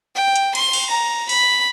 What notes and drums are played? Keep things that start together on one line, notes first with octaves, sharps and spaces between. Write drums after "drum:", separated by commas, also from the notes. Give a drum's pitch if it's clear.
G5
drum: hi-hat
C6, drum: cymbal
drum: cymbal
A#5
B5, drum: open hi-hat